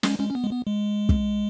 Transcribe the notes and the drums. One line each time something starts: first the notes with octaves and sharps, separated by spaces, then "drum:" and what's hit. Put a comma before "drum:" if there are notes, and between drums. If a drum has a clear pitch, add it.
G#3 C#4, drum: snare
G#3 C#4
C#4
B3
G#3
B3
G#3
drum: kick